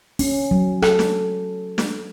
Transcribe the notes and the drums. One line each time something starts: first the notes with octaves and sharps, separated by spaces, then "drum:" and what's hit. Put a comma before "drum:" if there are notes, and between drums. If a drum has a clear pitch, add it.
C#4, drum: open hi-hat
F#3
A4, drum: rim click
drum: snare
drum: snare